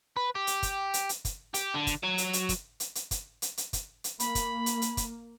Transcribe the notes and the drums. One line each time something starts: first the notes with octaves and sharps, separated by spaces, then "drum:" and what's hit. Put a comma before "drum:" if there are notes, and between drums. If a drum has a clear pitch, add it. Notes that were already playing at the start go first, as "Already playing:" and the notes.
B4
G4
drum: hi-hat
drum: kick, hi-hat
drum: hi-hat
drum: hi-hat
drum: kick, hi-hat
G4, drum: hi-hat
D3
drum: kick, hi-hat
F#3
drum: hi-hat
drum: hi-hat
drum: kick, hi-hat
drum: hi-hat
drum: hi-hat
drum: kick, hi-hat
drum: hi-hat
drum: hi-hat
drum: kick, hi-hat
drum: hi-hat
A#3 B5, drum: hi-hat
drum: kick, hi-hat
drum: hi-hat
drum: hi-hat
drum: kick, hi-hat